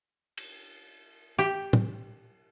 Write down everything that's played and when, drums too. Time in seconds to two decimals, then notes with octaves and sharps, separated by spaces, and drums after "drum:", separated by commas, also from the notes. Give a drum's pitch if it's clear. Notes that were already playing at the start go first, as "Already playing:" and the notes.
0.37 drum: cymbal
1.39 G4, drum: hi-hat
1.73 drum: tom